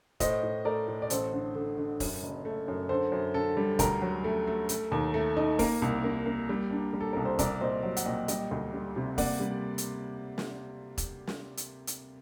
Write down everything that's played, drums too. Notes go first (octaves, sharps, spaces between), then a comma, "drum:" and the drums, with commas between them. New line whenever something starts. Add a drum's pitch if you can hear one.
A2 C5 D#5, drum: kick E1, hi-hat
A2
A3 A#4 D5
A2
D5
A1 A4 C5, drum: hi-hat
D3
D3
D3
F#2, drum: kick E1, open hi-hat
F#1
A3
F#2
D3 A4 C5
F#2
D3 A4
G3
D2 A#4, drum: kick E1, hi-hat
F#3
A3
A3
A3, drum: hi-hat
D#2
A3
D#4
A#3 A#4, drum: kick E1, open hi-hat
C2
A#3
A#3
G3
D4
G3
A4
C2 A#4
C5
C2 A#4 D5, drum: kick E1, hi-hat
A#2 C5 D#5
F#3
F#5, drum: hi-hat
A#2 D#5 G5
G3 D#5 G5, drum: hi-hat
D2
G3
C3
A#3 D5 F#5, drum: kick E1, open hi-hat
G3
drum: hi-hat
drum: snare
drum: kick E1, hi-hat
drum: snare
drum: hi-hat
drum: hi-hat